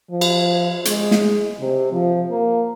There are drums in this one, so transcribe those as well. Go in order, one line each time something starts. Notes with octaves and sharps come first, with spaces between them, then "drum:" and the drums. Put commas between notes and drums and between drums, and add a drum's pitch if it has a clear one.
F3
drum: cymbal
G#3, drum: hi-hat
drum: snare
C3
F3
A#3